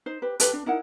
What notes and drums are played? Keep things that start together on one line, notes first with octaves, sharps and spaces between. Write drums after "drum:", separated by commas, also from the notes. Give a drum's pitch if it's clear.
D#4 C5
G4 B4
G4 A4 B4, drum: hi-hat
D4
D#4 E4 A#4 F#5